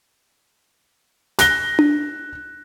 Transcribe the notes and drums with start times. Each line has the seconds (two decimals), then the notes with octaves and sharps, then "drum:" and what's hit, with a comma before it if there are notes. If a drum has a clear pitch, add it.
1.39 F#6 A#6 G7, drum: snare
1.79 drum: tom D4